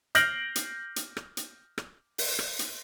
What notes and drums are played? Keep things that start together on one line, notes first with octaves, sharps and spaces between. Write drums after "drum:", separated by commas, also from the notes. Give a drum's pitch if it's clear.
F6 G6 A#6 C7 D7 F#7, drum: hi-hat
drum: hi-hat
drum: hi-hat
drum: rim click
drum: hi-hat
drum: rim click
drum: open hi-hat
drum: rim click
drum: hi-hat